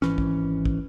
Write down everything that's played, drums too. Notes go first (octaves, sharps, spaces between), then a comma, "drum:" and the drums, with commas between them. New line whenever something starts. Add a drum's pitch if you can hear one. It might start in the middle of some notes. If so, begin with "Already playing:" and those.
G#1 C#2 E3 C#4, drum: snare
drum: kick
drum: kick